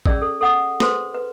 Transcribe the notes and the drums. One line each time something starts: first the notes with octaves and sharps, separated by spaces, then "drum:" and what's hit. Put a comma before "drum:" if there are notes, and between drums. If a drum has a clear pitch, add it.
C#4 G#4 D5 E6, drum: kick A#1
A4
A4 F#5 D#6
G#4 A4 B4 C5 C6, drum: snare
B4